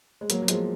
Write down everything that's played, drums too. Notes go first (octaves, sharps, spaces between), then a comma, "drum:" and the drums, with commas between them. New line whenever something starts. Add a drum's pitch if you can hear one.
G#3
F#3 A#3, drum: hi-hat
F#3
F3 G#3, drum: hi-hat